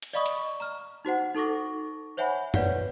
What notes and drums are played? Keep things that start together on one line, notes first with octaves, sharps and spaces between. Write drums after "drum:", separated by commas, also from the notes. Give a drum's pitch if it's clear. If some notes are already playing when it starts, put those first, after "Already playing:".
drum: hi-hat
D5 D#5 F5 B5 C#6 D#6
drum: hi-hat
A#5 F6
D#4 F#4 C5 F#5
D#4 A4 C#6 D6 A#6
C5 C#5 E5 F#5 G#5 B5
B4 C#5 D5 F5 F#5, drum: tom F#2